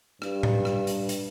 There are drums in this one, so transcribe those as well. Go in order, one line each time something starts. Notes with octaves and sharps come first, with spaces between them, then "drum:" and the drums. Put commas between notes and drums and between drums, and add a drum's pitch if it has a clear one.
G2, drum: rim click
drum: tom A2
drum: rim click
drum: hi-hat
drum: hi-hat